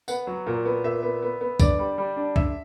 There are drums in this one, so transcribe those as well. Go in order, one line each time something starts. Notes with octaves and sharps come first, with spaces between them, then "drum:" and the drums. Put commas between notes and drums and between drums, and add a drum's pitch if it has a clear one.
B3 F#5, drum: tambourine
F#3
A#2
B3
A#2 E5
B3
B3
B3
D3 D5, drum: kick, tambourine
G3
G3
D4
D3 E5, drum: kick